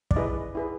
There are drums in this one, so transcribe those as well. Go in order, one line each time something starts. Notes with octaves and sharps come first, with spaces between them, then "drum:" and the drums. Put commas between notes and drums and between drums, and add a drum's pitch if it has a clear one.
D5, drum: kick
E4 G#4 B4 D#5
E4 G#4 B4